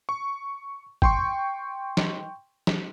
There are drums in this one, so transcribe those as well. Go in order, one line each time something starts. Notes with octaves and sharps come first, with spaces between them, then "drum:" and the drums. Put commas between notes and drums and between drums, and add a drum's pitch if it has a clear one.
C#6
G5 C6 C#6, drum: kick
drum: snare
drum: snare